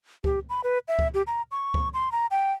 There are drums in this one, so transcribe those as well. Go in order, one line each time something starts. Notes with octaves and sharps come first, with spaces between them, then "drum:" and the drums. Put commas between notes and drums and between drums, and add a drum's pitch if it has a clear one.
G4, drum: kick C#2
B5
B4
E5
drum: kick C#2
G4
A#5
C#6
drum: kick C#2
C6
A#5
G5